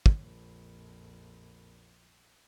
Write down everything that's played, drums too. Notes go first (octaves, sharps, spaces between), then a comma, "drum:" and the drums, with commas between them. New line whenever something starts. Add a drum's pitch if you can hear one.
drum: kick
A#1 F2